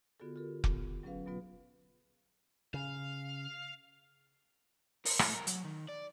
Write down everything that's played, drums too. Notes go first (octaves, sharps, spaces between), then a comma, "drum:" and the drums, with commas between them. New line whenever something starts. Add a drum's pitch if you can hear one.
D3 B3 F4 F#4 G#4 A4
F4 G4 A4 A#4
B3, drum: kick F1
F#3 C#4 G#4 B4 F5
B2 F#3 B3 F4 B4
C#3 F5
A#4 C5, drum: open hi-hat
A3 E4, drum: rim click
A#4
F#3, drum: hi-hat
D#3
D5